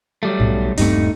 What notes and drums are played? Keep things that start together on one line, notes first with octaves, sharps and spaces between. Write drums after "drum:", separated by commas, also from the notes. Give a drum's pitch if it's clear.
F#3 G3 A3
B1, drum: tom G#2
D#1 G2 A3 C4 D#4, drum: open hi-hat